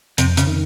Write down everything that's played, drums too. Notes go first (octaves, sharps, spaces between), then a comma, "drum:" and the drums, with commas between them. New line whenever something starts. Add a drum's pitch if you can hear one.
F2 C3, drum: hi-hat
C#3, drum: hi-hat
D#3